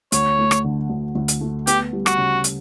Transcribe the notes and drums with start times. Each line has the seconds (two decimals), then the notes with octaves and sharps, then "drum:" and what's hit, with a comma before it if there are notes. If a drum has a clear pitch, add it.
0.12 D2 C#5, drum: hi-hat
0.39 A3
0.51 drum: rim click
0.64 D3
0.90 D2
1.15 D2
1.28 drum: hi-hat
1.41 A3
1.67 B3 G4, drum: hi-hat
1.93 G3
2.06 F#4, drum: rim click
2.18 C#3
2.44 drum: hi-hat